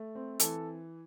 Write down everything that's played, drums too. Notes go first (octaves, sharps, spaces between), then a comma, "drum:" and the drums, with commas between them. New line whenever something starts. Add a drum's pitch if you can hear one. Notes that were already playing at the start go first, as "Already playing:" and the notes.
Already playing: A3
C4
E3 A4, drum: hi-hat